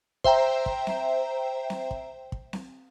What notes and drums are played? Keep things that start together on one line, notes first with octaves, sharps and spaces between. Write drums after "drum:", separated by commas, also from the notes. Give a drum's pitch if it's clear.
C5 E5 G5 A#5, drum: kick
drum: kick
drum: snare C4
drum: snare C4
drum: kick
drum: kick
drum: snare C4